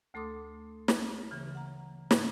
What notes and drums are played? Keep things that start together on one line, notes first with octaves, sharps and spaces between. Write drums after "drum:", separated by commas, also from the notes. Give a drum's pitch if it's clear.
D2 A3 A4 C6 D6 D#6
drum: snare
C#3 E3
F#5 A#5
G#2, drum: snare